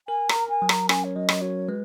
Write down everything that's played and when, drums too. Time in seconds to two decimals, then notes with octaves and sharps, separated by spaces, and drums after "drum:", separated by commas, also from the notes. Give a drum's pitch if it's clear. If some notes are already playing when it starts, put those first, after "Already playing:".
0.08 A#4 G#5
0.29 A#5, drum: rim click
0.36 A#4
0.49 G#5
0.62 F#3
0.69 A#5, drum: rim click
0.89 C#4 G#5, drum: rim click
1.04 C#5
1.16 F#3 D#5
1.29 drum: rim click
1.41 F#4 C#5
1.69 G#3 B4